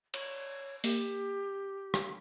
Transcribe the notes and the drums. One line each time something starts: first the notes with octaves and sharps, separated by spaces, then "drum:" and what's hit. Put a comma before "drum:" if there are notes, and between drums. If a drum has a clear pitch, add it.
C#5, drum: cymbal
A#3 G4, drum: open hi-hat
drum: rim click